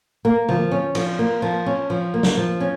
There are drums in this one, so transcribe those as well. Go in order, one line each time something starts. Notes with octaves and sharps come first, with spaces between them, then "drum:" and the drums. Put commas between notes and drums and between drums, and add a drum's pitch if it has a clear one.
A#3
F3, drum: tom D3
C#4
F3, drum: cymbal
A#3
F3
C#4
F3
A#3
drum: snare
F3
C#4